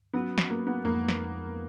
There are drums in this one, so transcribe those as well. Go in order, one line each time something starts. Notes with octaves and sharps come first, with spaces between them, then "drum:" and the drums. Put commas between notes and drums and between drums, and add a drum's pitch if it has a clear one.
F#3 B3 C#4 F#4
drum: snare
A#3
B3
F2 F3 G#3 A#3 D#4
drum: snare